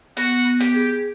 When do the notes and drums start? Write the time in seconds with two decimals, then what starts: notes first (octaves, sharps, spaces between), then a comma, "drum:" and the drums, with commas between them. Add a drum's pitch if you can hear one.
0.17 B3 F#4, drum: hi-hat
0.45 B3
0.60 G4, drum: hi-hat
0.74 G#4